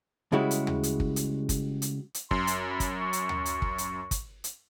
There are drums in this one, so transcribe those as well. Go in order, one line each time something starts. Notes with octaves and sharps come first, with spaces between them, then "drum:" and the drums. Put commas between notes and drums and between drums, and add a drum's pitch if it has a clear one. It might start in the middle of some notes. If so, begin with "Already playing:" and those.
C#3 G3 G#3 E4 F#4
drum: hi-hat
drum: tom D2
drum: hi-hat
drum: kick
drum: hi-hat
drum: kick, hi-hat
drum: hi-hat
drum: hi-hat
F#2 C6, drum: kick
drum: hi-hat
B5
drum: kick, hi-hat
C#6
drum: hi-hat
drum: tom D2
drum: hi-hat
drum: kick
drum: hi-hat
drum: kick, hi-hat
drum: hi-hat